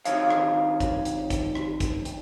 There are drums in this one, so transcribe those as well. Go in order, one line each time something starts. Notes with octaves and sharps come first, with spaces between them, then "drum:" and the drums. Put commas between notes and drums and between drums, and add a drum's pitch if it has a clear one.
F2 D#3 C#5 F5, drum: hi-hat
drum: rim click
drum: kick, hi-hat
drum: hi-hat
drum: kick, hi-hat
drum: rim click
drum: kick, hi-hat
drum: hi-hat